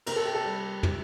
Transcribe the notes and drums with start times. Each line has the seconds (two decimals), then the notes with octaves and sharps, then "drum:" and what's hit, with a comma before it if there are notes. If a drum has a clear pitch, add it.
0.06 C3 A#4, drum: cymbal
0.16 A4
0.26 G4
0.35 A4
0.45 G3
0.83 C3, drum: tom